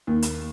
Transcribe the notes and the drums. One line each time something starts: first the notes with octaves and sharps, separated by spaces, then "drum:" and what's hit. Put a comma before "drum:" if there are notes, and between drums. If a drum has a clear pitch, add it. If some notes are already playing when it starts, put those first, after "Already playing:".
D#2
drum: hi-hat